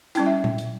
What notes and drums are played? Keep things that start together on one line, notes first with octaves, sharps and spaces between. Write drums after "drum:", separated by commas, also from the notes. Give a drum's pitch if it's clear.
G3 C#4 E4 G5, drum: hi-hat
E5
drum: tom A#2
drum: hi-hat